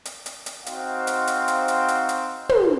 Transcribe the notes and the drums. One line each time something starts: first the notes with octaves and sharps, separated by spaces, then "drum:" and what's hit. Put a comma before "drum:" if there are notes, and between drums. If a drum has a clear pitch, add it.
drum: hi-hat
drum: hi-hat
drum: hi-hat
C4 D#4 F#4 C5 F5 G5, drum: hi-hat
drum: hi-hat
drum: hi-hat
drum: hi-hat
drum: hi-hat
drum: hi-hat
drum: hi-hat
drum: tom